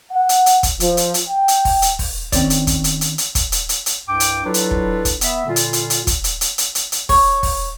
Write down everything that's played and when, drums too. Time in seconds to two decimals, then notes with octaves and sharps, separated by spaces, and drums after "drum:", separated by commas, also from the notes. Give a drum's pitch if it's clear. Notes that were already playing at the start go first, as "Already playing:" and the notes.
0.11 F#5
0.29 drum: hi-hat
0.46 drum: hi-hat
0.63 drum: kick, hi-hat
0.80 F3, drum: hi-hat
0.97 drum: hi-hat
1.14 drum: hi-hat
1.28 G5
1.48 drum: hi-hat
1.65 drum: kick, open hi-hat
1.82 drum: hi-hat
1.99 drum: kick, open hi-hat
2.32 D#3 C4 C#4 C#5 D5, drum: kick, hi-hat
2.50 drum: hi-hat
2.67 drum: kick, hi-hat
2.84 drum: hi-hat
3.01 drum: hi-hat
3.18 drum: hi-hat
3.35 drum: kick, hi-hat
3.52 drum: hi-hat
3.69 drum: hi-hat
3.86 drum: hi-hat
4.07 C2 G2 G5 D6
4.20 drum: hi-hat
4.45 F#3 D4 E4 F4 A4 B4
4.54 drum: hi-hat
4.71 drum: kick
5.05 drum: kick, hi-hat
5.21 B3 E5, drum: hi-hat
5.46 A#2 D3 G3 F4
5.56 drum: hi-hat
5.73 drum: hi-hat
5.90 drum: hi-hat
6.07 drum: kick, hi-hat
6.24 drum: hi-hat
6.41 drum: hi-hat
6.58 drum: hi-hat
6.75 drum: hi-hat
6.92 drum: hi-hat
7.09 C#5, drum: kick, open hi-hat
7.43 drum: kick, open hi-hat